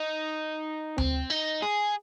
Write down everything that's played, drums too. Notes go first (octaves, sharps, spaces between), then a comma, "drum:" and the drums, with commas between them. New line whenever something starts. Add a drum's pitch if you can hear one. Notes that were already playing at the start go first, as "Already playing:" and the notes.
Already playing: D#4
C4, drum: tom D2
D#4
G#4